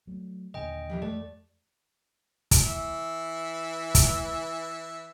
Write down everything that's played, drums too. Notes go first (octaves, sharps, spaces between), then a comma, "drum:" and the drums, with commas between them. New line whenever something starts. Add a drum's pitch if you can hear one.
F#3 A3
D#2 A#2 D3 D#5 G5 G#5
E3 F3 G3
F2 A3 D5
drum: kick, hi-hat
E3 E5
drum: kick, hi-hat